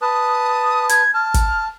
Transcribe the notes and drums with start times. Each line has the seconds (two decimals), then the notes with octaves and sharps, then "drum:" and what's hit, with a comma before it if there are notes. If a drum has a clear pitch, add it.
0.02 B4 A5 D#6
0.89 G#6, drum: hi-hat
1.14 A5 F6
1.34 drum: kick, hi-hat